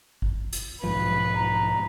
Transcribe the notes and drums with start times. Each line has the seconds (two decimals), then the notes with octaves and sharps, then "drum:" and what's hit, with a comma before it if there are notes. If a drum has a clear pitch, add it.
0.22 drum: kick
0.53 drum: hi-hat
0.84 B1 G#2 F3 B4
1.35 A#5